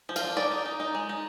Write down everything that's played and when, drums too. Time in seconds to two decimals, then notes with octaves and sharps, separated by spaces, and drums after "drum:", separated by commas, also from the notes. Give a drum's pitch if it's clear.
0.09 F3
0.16 F5, drum: cymbal
0.23 D4
0.37 D#4 D5
0.52 D#4
0.66 D#4
0.80 D#4
0.95 G#3
1.09 D#4